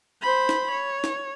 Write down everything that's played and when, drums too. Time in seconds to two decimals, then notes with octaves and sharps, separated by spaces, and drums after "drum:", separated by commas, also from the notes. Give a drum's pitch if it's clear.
0.22 C5 B5
0.49 drum: snare
0.71 C#5
1.04 drum: snare